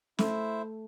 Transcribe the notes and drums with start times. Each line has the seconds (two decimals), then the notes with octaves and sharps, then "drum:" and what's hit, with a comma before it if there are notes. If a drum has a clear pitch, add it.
0.18 A3 E4 C5 E5, drum: snare